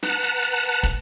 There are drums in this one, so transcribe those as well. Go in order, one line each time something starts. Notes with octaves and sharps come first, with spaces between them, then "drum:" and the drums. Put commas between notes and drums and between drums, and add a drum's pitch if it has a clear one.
B4 F#5 A5 A#5, drum: snare
drum: hi-hat
drum: hi-hat
drum: hi-hat
drum: kick, hi-hat